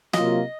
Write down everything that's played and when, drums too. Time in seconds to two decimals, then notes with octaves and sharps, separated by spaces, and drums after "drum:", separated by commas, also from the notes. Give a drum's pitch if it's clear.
0.13 C3 F#3 A#3 F4 D#5, drum: snare